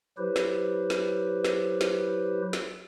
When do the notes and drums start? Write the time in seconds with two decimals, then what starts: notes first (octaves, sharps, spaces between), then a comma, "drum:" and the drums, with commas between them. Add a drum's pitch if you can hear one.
0.18 F#3 E4 G4 B4 C5
0.36 drum: snare
0.90 drum: snare
1.44 drum: snare
1.81 drum: snare
2.53 drum: snare